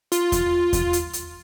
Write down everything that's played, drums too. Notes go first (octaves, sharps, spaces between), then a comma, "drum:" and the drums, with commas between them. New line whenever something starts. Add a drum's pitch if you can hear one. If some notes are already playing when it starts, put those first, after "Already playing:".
F4, drum: hi-hat
drum: kick E2, hi-hat
drum: kick E2, hi-hat
drum: hi-hat
drum: hi-hat